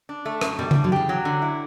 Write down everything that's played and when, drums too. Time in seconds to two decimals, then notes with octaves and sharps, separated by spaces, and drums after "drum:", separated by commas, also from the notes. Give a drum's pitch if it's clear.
0.09 D4
0.25 A3
0.41 F#2, drum: rim click
0.59 B2 D3 G3
0.71 C#3 E3, drum: tom C#3
0.75 D4
0.84 D3 F#3
0.92 C#3 E3 G4
1.09 F#3
1.25 D3
1.42 E4